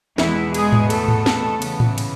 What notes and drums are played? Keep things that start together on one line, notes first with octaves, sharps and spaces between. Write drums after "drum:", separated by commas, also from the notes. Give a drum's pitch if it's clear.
E2 B2 E3 G#3 B3 E4, drum: snare
G#3 G#4, drum: cymbal
drum: tom G#2
A3 A4, drum: cymbal
drum: tom G#2
drum: snare
C#3 E3 B3, drum: cymbal
drum: tom A2
drum: cymbal